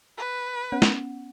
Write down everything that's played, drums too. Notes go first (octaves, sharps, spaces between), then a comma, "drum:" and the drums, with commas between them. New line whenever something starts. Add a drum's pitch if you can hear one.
B4
B3 C#4 F#5
drum: snare